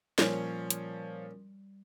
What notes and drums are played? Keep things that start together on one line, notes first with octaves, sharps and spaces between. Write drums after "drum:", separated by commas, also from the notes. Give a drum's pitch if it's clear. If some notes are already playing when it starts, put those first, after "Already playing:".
A#2 F3 G3 C#4 C#5, drum: snare
drum: hi-hat